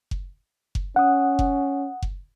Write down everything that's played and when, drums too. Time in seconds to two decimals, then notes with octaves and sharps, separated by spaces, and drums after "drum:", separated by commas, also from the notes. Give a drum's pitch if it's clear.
0.11 drum: kick F#1
0.75 drum: kick F#1
0.96 C#4 F#5 D#6
1.39 drum: kick F#1
2.02 drum: kick F#1